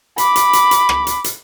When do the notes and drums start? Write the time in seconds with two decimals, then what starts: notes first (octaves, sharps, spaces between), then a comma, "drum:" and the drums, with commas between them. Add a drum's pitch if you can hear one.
0.18 B5 D6, drum: hi-hat
0.36 drum: hi-hat
0.53 drum: hi-hat
0.71 drum: hi-hat
0.89 drum: rim click
1.07 drum: hi-hat
1.24 drum: hi-hat